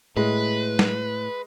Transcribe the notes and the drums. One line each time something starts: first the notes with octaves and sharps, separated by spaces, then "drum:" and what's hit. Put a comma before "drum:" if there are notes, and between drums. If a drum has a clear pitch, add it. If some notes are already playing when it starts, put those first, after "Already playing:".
A2 G#3 B4
drum: snare